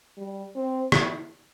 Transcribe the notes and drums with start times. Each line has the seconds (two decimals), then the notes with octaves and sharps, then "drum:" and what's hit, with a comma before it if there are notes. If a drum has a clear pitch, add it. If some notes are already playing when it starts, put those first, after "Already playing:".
0.17 G3
0.56 C4
0.92 E4, drum: rim click